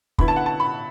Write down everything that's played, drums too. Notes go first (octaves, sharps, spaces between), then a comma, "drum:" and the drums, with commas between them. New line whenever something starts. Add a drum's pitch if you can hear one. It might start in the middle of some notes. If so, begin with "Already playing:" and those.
D3 B3 E4 B5, drum: kick
A5
F#5
A5
B5